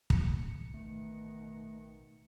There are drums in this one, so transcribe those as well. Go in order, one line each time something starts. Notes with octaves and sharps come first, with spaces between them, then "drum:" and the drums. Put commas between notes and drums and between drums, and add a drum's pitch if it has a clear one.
A1 C#7, drum: kick
B2 D#3 A3